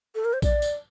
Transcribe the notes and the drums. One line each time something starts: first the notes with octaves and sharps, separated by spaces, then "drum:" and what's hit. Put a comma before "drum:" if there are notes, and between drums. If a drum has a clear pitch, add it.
A4
A#4
C5
D5, drum: kick A#1, tambourine
drum: tambourine